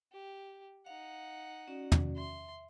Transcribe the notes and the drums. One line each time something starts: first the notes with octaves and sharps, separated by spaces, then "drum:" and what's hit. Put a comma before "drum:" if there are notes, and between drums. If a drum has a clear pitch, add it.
G4
D#4 F5 F#5
C#4 F#4 D5
drum: tom
E5 C6